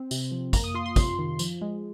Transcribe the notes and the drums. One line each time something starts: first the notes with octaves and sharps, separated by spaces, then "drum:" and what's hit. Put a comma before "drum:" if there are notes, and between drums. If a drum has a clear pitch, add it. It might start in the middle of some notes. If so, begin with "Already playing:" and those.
Already playing: C4
C3, drum: tambourine
F3
A#3 A#5, drum: kick, tambourine
D#6
F4 C6
C6
C3 C6, drum: kick, tambourine
D#3
F3, drum: tambourine
G#3